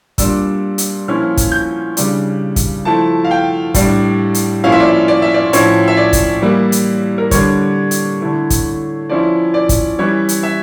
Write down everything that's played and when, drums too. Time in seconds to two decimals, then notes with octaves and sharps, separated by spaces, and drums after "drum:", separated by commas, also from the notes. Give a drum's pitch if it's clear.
0.18 A#2 G3 D4 E6, drum: kick, hi-hat
0.78 drum: hi-hat
1.08 A#2 F3 C#4 E4 F6
1.37 drum: kick, hi-hat
1.52 G6
1.97 C#3 G3 D4, drum: hi-hat
2.56 drum: kick, hi-hat
2.85 F3 A3 E4 A5
3.25 F5
3.31 G5
3.74 A2 G3 D4, drum: kick, hi-hat
4.34 drum: hi-hat
4.64 A#2 F3 C#4 E4 F5
4.72 E5
4.80 D5
4.87 E5
5.08 D5
5.22 E5
5.34 D5
5.53 A2 F3 C#4 E4 C#5, drum: hi-hat
5.88 E5
5.97 D5
6.13 drum: kick, hi-hat
6.42 E3 G3 A#3 E4
6.72 drum: hi-hat
7.18 A#4
7.31 D3 G3 D4 C#5, drum: kick, hi-hat
7.91 drum: hi-hat
8.21 D3 A3 E4
8.50 drum: kick, hi-hat
9.10 F3 C#4 E4 D5
9.54 D5
9.69 drum: kick, hi-hat
9.99 E3 G3 C#4 E4 C#5
10.29 drum: hi-hat
10.43 E5